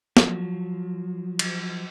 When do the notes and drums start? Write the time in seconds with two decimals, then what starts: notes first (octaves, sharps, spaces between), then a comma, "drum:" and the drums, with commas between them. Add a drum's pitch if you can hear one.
0.17 F3 F#3, drum: snare
1.39 drum: cymbal